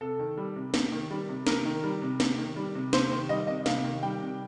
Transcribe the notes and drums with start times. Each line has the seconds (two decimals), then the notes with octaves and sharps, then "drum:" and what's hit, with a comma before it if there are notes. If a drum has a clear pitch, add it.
0.01 C3 A4
0.19 D#3
0.37 G3
0.56 C3
0.74 C3, drum: snare
0.92 D#3
1.11 G3
1.29 C3
1.47 C3 A#4, drum: snare
1.65 D#3
1.84 G3
2.02 C3
2.20 C3, drum: snare
2.38 D#3
2.56 G3
2.75 C3
2.93 C3 C5, drum: snare
3.12 D#3
3.29 G3 D#5
3.47 C3 D#5
3.66 C3 F5, drum: snare
3.84 D#3
4.03 G3 G5
4.21 C3